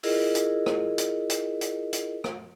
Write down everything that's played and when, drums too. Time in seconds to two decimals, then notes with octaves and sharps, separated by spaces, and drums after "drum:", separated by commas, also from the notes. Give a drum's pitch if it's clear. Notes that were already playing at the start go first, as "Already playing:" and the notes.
0.03 E4 F4 G#4 A#4 D#5, drum: open hi-hat
0.35 drum: hi-hat
0.66 drum: rim click
0.98 drum: hi-hat
1.29 drum: hi-hat
1.61 drum: hi-hat
1.93 drum: hi-hat
2.24 drum: rim click